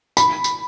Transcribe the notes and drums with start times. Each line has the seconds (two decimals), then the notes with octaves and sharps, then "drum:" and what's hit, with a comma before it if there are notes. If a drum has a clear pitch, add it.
0.17 B5, drum: tambourine
0.44 drum: tambourine